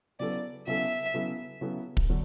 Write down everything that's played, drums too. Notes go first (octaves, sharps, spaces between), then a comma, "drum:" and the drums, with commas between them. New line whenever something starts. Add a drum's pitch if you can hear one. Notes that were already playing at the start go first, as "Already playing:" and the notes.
C#3 F#3 B3 E4 A4 D5
C#3 F#3 B3 E4 A4 E5
C#3 F#3 B3 E4 A4
C#3 F#3 B3 E4 A4
drum: kick
D3 F#3